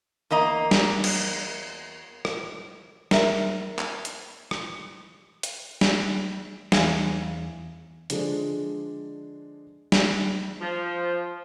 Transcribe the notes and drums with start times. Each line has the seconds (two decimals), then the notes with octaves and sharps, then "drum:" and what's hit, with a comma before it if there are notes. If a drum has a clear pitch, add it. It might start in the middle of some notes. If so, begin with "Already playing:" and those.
0.31 E2 A#3 D#5 A#5
0.71 drum: snare
1.04 drum: cymbal
2.25 drum: rim click
3.11 A#4 E5, drum: snare
3.79 drum: clap
4.05 drum: hi-hat
4.51 drum: rim click
5.43 drum: hi-hat
5.81 drum: snare
6.72 E2 E3 E5 F5 G#5, drum: snare
8.10 D3 F3 G#3 D4 G#4, drum: hi-hat
9.92 drum: snare
10.60 F3